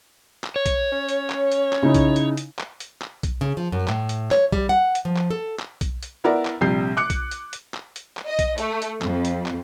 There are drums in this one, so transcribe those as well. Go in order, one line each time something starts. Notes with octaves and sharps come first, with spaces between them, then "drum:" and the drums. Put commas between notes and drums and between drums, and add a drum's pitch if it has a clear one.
drum: clap
C#5
drum: kick B1, hi-hat
C#4
drum: hi-hat
drum: clap
drum: hi-hat
drum: clap
C#3 D#4 E4
drum: kick B1, hi-hat
drum: hi-hat
drum: hi-hat
drum: clap
drum: hi-hat
drum: clap
drum: kick B1, hi-hat
C#3
F3
F#2
A2, drum: clap
drum: hi-hat
C#5, drum: clap
G3, drum: kick B1
F#5
drum: hi-hat
F3
drum: clap
A4
drum: clap
drum: kick B1, hi-hat
drum: hi-hat
B3 E4 A#4 D5 F#5
drum: clap
A#1 C3 G3 G6 C7
D6 F#6 C#7
drum: kick B1, hi-hat
drum: hi-hat
drum: hi-hat
drum: clap
drum: hi-hat
drum: clap
D#5
drum: kick B1, hi-hat
A3, drum: hi-hat
drum: hi-hat
F2, drum: clap
drum: hi-hat
drum: clap